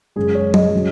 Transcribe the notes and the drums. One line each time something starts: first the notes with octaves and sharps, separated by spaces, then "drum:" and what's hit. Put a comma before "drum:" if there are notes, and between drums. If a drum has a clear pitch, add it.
F#2 C#3 G#3 G#4
C#5
D#5, drum: tom F#3
C#3 F#3